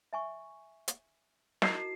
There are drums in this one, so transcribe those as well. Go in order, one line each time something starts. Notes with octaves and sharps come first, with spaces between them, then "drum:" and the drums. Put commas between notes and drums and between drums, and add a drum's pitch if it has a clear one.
E5 G#5 C#6
drum: hi-hat
D#4 E4 F#4 D#5 C7, drum: snare